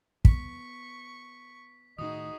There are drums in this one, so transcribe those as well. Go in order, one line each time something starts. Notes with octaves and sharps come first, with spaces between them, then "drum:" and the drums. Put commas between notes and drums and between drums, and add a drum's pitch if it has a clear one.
B3 C#6 B6, drum: kick
A2 D#3 D#4 F#4 G#4 D#6